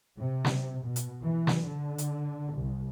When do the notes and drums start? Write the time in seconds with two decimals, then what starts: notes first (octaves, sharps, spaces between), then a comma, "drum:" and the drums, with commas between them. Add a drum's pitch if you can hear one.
0.19 C3
0.45 drum: snare
0.83 B2
0.96 drum: hi-hat
1.22 E3
1.47 drum: snare
1.63 D3
1.98 drum: hi-hat
2.54 C2